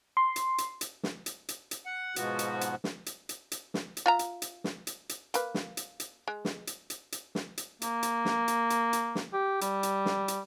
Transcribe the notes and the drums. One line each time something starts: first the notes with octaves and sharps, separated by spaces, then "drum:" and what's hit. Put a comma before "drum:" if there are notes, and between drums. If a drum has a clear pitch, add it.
C6
drum: hi-hat
drum: hi-hat
drum: hi-hat
drum: snare
drum: hi-hat
drum: hi-hat
drum: hi-hat
F#5
G#2 B2 F3 B3 F#4, drum: hi-hat
drum: hi-hat
drum: hi-hat
drum: snare
drum: hi-hat
drum: hi-hat
drum: hi-hat
drum: snare
drum: hi-hat
F4 E5 A#5
drum: hi-hat
drum: hi-hat
drum: snare
drum: hi-hat
drum: hi-hat
A#3 B4, drum: hi-hat
drum: snare
drum: hi-hat
drum: hi-hat
G#3
drum: snare
drum: hi-hat
drum: hi-hat
drum: hi-hat
drum: snare
drum: hi-hat
A#3, drum: hi-hat
drum: hi-hat
drum: snare
drum: hi-hat
drum: hi-hat
drum: hi-hat
drum: snare
G4
G3, drum: hi-hat
drum: hi-hat
drum: snare
drum: hi-hat